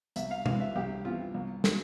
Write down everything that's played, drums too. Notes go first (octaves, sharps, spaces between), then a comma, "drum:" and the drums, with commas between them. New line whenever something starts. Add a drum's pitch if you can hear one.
C2 E5, drum: hi-hat
F5
C3 E3 F5, drum: tom
E5
C2 G4
C3 E3 F4
C2
B2, drum: snare